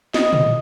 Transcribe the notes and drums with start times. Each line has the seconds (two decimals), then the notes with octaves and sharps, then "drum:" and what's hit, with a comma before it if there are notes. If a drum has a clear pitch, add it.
0.14 D#5, drum: snare
0.33 drum: tom